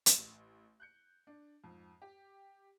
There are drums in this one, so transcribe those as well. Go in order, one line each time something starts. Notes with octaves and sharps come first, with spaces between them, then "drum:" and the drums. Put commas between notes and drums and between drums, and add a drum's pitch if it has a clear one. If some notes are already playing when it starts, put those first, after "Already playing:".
drum: hi-hat
A1
F#6 G6 C#7
D4
F2 G#2
G4